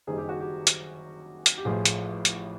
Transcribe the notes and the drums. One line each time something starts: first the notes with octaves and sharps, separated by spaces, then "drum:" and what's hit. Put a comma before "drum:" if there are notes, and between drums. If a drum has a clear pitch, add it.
F#1 F#2 D#3 G3 G#4
G4
F#4
G4
drum: hi-hat
drum: hi-hat
G4
A1 A2 F3 G#4
drum: hi-hat
drum: hi-hat